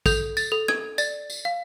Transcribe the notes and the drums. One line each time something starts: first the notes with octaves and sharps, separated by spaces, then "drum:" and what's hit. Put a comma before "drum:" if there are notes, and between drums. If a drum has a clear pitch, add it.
A4 G6, drum: kick, tambourine
A6, drum: tambourine
A4
G#6, drum: rim click
D5 A6, drum: tambourine
drum: tambourine
F5